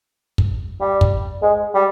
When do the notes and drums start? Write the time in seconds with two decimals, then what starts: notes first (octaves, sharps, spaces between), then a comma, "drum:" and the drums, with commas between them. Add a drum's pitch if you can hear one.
0.38 drum: kick
0.81 G3
1.01 drum: kick
1.43 G#3
1.75 G3